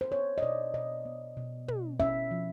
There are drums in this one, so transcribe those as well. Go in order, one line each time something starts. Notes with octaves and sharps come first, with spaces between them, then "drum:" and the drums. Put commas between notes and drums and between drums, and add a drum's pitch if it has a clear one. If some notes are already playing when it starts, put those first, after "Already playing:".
C5
B3 C#5
D#5
B2 D5
B2 D#5
B3
B2
B2, drum: tom
C#4 E5, drum: kick
F3